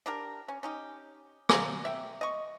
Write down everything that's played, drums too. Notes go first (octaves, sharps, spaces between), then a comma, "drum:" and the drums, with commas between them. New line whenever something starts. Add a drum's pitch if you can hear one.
D4 G4 A#4
C#4
C#4 D#4 G4
F#4 F5 G#5 A#5, drum: rim click
E5 G5
D#5 C#6